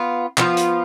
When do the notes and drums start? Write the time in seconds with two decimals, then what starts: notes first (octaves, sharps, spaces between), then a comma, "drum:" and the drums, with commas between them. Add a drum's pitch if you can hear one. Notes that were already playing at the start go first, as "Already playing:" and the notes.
Already playing: B3 F4
0.38 F3 B3 F4, drum: clap
0.57 drum: hi-hat